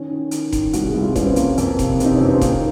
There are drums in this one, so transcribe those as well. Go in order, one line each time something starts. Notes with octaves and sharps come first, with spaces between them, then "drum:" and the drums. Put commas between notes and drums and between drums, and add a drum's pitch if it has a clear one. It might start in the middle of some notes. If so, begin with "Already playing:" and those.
Already playing: D#3 C#4
D#3
D#3, drum: hi-hat
D#3, drum: kick F1, hi-hat
C2 F#4, drum: hi-hat
G#4
C2
F4
C2 C#4, drum: kick F1, hi-hat
C4
F3 A#3, drum: hi-hat
F2 A#3, drum: hi-hat
C3, drum: kick F1, hi-hat
C3 D#4, drum: hi-hat
F2 C#4
C4
D#3 A#3, drum: kick F1, hi-hat